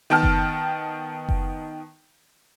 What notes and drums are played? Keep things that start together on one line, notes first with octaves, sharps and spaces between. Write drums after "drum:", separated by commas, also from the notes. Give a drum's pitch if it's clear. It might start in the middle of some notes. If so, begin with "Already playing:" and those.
D#3 B3 G5 A5 F6
drum: kick F#1
drum: kick F#1